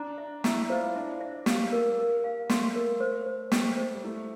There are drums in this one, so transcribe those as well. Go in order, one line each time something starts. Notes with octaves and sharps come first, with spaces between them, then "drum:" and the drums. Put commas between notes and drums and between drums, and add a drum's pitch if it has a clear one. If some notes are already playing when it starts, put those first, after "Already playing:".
Already playing: D4 A#5
E5
E4 A#5, drum: snare
E4
F4 C5
D4 E5
E5
A#3 G4, drum: snare
A#4
A#4
F5
A3 C6, drum: snare
A#4
C5
C5
A3 G5, drum: snare
C5
G3
A3 E4